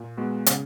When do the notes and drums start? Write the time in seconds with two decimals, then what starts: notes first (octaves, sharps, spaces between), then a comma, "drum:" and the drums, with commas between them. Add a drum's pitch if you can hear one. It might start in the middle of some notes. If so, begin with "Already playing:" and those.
Already playing: A#2
0.17 G#3 B3 F#4
0.46 C#3, drum: hi-hat